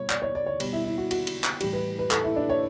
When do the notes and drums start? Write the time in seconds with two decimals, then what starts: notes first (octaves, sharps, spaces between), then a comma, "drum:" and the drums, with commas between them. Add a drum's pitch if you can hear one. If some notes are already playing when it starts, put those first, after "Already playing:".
Already playing: B2 G3 C#5
0.10 D5, drum: clap
0.22 C#5
0.35 D5
0.46 C#5
0.60 B2 G3, drum: cymbal
0.73 E4
0.85 E4
0.98 F#4
1.11 F#4, drum: cymbal
1.27 drum: cymbal
1.44 drum: clap
1.60 A2 E3 G3 G4, drum: cymbal
1.73 B4
1.99 B4
2.11 A4, drum: clap
2.24 E4
2.36 D4
2.50 C#5